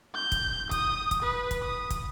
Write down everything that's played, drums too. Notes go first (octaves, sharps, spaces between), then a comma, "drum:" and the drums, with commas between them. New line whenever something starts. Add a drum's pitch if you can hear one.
G6
drum: kick, hi-hat
D#6, drum: kick, hi-hat
drum: kick, hi-hat
B4
drum: kick, hi-hat
D#6
drum: kick, hi-hat